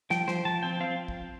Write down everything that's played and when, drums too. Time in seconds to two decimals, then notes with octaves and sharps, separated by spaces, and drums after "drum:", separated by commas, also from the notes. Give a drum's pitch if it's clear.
0.10 F3 G5, drum: snare
0.28 F3 C5, drum: snare
0.45 F3 A5
0.63 C4 G5
0.80 C4 F5
1.08 drum: kick